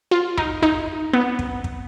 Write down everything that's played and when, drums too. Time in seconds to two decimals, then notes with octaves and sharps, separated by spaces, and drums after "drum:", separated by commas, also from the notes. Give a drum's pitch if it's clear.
0.11 F4
0.38 D#4, drum: kick
0.62 D#4, drum: kick
1.13 B3
1.39 drum: kick
1.64 drum: kick